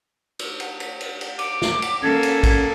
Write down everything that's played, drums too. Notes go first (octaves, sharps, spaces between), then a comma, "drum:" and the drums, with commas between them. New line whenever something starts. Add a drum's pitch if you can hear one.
drum: cymbal
drum: cymbal
drum: cymbal
drum: cymbal
drum: cymbal
D6, drum: cymbal
drum: snare
drum: cymbal
A#3 C#4 A4 G#6
drum: cymbal
drum: kick, cymbal